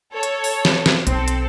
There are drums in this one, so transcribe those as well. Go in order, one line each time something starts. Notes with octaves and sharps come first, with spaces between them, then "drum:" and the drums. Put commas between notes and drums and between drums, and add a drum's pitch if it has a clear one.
A4 C#5
drum: hi-hat
drum: open hi-hat
drum: snare
drum: snare
B1 C4 A4, drum: hi-hat
drum: hi-hat